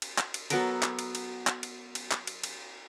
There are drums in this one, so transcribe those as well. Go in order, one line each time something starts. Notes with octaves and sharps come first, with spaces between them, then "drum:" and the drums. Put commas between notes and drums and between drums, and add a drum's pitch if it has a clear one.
drum: cymbal
drum: clap
drum: cymbal
F#3 B3 A4 A#4, drum: cymbal
drum: clap
drum: cymbal
drum: cymbal
drum: clap
drum: cymbal
drum: cymbal
drum: clap
drum: cymbal
drum: cymbal